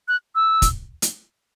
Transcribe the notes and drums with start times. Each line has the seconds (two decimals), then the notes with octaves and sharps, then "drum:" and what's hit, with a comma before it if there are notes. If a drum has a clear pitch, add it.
0.08 F#6
0.35 E6
0.62 drum: kick, hi-hat
1.02 drum: hi-hat